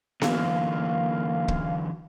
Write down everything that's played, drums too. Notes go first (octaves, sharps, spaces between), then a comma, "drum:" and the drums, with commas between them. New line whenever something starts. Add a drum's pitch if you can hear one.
D3 E3 F#3 A#3 F5, drum: snare B3
drum: kick